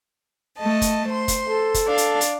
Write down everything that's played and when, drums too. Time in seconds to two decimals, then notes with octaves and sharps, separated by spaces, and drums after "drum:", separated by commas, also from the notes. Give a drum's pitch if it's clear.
0.58 A3 D#5 A5
0.82 drum: kick, hi-hat
1.09 C5 C6
1.28 drum: kick, hi-hat
1.48 A4
1.74 drum: kick, hi-hat
1.87 D4 D5 F5
1.98 drum: hi-hat
2.21 drum: hi-hat